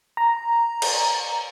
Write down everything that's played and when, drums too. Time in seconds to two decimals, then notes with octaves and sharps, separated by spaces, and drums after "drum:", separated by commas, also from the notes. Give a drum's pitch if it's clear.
0.17 A#5
0.82 drum: cymbal